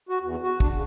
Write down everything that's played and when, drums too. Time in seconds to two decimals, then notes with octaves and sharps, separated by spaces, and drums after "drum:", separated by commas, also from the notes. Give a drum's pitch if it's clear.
0.09 F#4
0.22 E2
0.43 F#4
0.60 D4, drum: kick
0.73 C#3